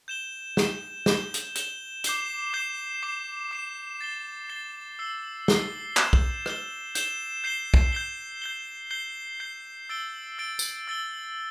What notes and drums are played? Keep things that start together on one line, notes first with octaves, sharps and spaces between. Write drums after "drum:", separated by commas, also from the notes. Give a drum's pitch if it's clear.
G6 E7 G7
G6 E7 G7, drum: snare
G6 E7 G7, drum: snare
drum: hi-hat
G6 E7 G7, drum: hi-hat
D6 G6 C7 E7 G7, drum: hi-hat
D6 G6 C7 E7 G7
D6 C7 E7
D6 C7 E7
A6 C7 G7
A6 C7 G7
E6 C7 G7
E6 C7 G7, drum: snare
G6 E7 G7, drum: clap
drum: kick B1
G6 E7 G7, drum: rim click
G6 C7 E7 G7, drum: hi-hat
G6 C7 E7 G7
drum: kick B1
G6 C7 G7
G6 C7 G7
G6 C7 G7
G6 C7 G7
E6 A6 D7 G7
E6 A6 D7 G7
drum: tambourine
E6 A6 D7 G7